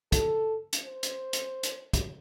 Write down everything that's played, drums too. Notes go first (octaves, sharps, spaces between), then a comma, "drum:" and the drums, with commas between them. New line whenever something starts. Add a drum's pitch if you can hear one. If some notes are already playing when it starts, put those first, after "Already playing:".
A4, drum: kick, hi-hat
drum: hi-hat
C5
drum: hi-hat
drum: hi-hat
drum: hi-hat
drum: kick, hi-hat